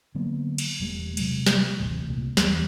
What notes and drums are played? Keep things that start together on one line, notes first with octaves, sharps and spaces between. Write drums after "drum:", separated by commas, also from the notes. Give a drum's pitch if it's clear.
D3 F#3 A#3 B3
drum: cymbal
E1 G3 A3
C3 F#3 G#3, drum: cymbal
drum: snare
D#1 A1 A2 C3
C2 A#2
E2, drum: snare